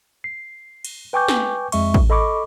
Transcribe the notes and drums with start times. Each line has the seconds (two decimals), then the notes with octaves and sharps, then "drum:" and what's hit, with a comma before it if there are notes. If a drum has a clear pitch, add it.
0.24 C7
0.85 drum: cymbal
1.13 B4 G5 G#5 C#6 D6 G6
1.28 drum: snare
1.72 F2 G#3 E5 C#6, drum: cymbal
1.94 drum: kick
2.10 A4 D#5 B5 C#6 D6